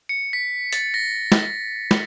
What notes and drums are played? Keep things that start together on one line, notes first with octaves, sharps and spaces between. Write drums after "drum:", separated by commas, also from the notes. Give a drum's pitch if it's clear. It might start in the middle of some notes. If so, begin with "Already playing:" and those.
C#7
B6
A6, drum: hi-hat
A#6
drum: snare
drum: snare